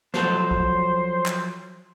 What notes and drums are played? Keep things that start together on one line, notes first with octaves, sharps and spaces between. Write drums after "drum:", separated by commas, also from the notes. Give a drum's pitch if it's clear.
F3 F#3 A4 C5, drum: snare
drum: kick
drum: clap